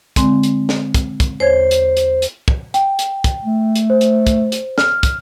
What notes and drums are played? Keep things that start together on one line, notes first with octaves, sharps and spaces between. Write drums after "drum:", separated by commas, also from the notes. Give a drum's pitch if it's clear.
D3 G#3 C4, drum: kick, hi-hat
drum: hi-hat
drum: snare
drum: kick, hi-hat
drum: kick, hi-hat
E2 C5 C#5 G#6
drum: hi-hat
drum: hi-hat
drum: hi-hat
drum: kick
G5, drum: hi-hat
drum: hi-hat
drum: kick, hi-hat
A3
drum: hi-hat
C5
drum: hi-hat
drum: kick, hi-hat
drum: hi-hat
F6, drum: snare
drum: kick, hi-hat